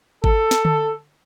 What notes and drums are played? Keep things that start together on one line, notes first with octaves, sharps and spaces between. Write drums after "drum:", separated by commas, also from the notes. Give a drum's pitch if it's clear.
A4, drum: kick G#1
drum: snare
drum: tom D3